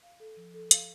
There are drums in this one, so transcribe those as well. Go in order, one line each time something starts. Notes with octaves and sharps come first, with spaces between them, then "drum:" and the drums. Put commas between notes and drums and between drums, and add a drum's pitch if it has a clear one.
F5
A4
F3
A4
F5, drum: hi-hat